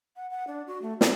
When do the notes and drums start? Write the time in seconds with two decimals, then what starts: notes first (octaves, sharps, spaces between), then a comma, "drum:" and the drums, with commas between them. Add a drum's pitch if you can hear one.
0.16 F#5
0.30 F#5
0.47 D4
0.67 F#4
0.82 A3
1.01 B3, drum: snare